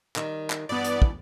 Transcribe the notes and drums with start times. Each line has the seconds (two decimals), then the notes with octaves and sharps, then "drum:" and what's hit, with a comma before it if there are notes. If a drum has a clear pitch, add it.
0.16 D#3 G3, drum: clap
0.50 drum: clap
0.69 G2 E3 B3 D5
0.85 drum: hi-hat
1.02 drum: kick